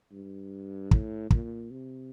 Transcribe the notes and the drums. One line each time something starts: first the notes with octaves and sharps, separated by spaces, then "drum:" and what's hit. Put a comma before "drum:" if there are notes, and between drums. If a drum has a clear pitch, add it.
G2
A2, drum: kick
A#2, drum: kick
C3